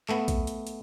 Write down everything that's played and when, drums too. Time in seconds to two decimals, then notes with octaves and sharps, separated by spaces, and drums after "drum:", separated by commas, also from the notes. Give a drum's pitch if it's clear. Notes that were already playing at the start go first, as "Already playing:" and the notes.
0.09 A3 B3, drum: clap
0.28 drum: kick A#1, hi-hat
0.47 drum: hi-hat
0.67 drum: hi-hat